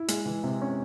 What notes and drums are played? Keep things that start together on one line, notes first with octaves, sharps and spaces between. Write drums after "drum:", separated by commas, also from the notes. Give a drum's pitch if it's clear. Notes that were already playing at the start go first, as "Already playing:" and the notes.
Already playing: E4
G#3, drum: hi-hat
E3
C3
C#4